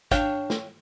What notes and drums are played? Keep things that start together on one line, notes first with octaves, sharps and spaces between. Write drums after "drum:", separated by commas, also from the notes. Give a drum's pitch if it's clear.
D4 C#5 F5 G5, drum: kick, hi-hat
drum: snare